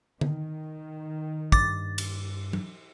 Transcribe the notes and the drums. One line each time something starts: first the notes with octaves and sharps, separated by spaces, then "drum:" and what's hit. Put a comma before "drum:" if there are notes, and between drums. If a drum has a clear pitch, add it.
D#3, drum: tom D3
G2 D6 A6, drum: kick
drum: cymbal
drum: tom F#3